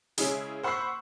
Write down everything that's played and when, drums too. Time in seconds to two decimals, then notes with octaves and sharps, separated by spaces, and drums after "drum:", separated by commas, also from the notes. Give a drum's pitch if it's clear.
0.18 C#3 G#3 C#4 E4 G#4, drum: hi-hat
0.63 C5 F#5 B5 C#6 E6 C7